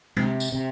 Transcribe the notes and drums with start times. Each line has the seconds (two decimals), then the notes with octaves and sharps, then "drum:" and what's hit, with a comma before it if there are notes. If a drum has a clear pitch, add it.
0.17 C3, drum: tom
0.40 drum: tambourine
0.52 C3